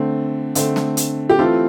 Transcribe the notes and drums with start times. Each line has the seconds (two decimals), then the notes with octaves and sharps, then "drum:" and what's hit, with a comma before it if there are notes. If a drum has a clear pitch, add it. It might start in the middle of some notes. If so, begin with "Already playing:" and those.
Already playing: D3 A3 C4
0.55 D3 A3 C4, drum: hi-hat
0.76 drum: snare
0.97 drum: hi-hat
1.30 G4
1.39 E3 A3 C4 F4 A4